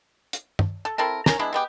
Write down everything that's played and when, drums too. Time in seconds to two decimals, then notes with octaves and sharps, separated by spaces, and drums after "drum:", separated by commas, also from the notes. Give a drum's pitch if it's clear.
0.33 drum: hi-hat
0.59 drum: tom G2
0.85 A4
0.98 C4 E4 A4 A#4
1.26 C#4 A#4 A#5, drum: snare
1.39 G#3 B3 D4 E4
1.53 G#3 B3 G4